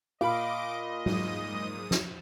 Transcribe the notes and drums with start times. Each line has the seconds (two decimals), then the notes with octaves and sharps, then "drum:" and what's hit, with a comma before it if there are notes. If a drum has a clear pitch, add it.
0.21 A#2 D#5 F5 B5 D6 D7
1.06 G#2 D#6 D#7, drum: tom F#3
1.91 drum: snare